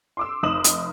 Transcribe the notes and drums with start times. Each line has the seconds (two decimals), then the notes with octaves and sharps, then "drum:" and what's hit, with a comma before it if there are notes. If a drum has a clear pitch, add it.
0.17 C6 D6 E6
0.43 F1 D#4 D#6 E7 F#7
0.64 drum: hi-hat